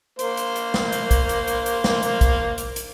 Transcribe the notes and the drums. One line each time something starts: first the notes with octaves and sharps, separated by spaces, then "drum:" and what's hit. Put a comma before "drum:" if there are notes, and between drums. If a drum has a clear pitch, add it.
A#3 C5, drum: hi-hat
drum: hi-hat
drum: hi-hat
drum: snare
drum: hi-hat
drum: kick, hi-hat
drum: hi-hat
drum: hi-hat
drum: hi-hat
drum: snare
drum: hi-hat
drum: kick, hi-hat
drum: hi-hat
drum: hi-hat